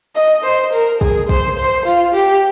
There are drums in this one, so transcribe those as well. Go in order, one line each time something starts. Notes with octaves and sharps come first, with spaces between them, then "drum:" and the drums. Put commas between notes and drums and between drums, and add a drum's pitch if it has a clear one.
D#5
C5
A#4, drum: tambourine
G#4, drum: kick, tambourine
C5, drum: kick, tambourine
C5, drum: tambourine
F4, drum: tambourine
G4, drum: tambourine